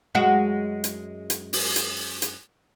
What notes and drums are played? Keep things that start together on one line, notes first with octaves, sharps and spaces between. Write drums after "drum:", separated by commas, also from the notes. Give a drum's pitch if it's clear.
F#2 G#3 F#4
drum: hi-hat
drum: hi-hat
drum: open hi-hat
drum: hi-hat
drum: hi-hat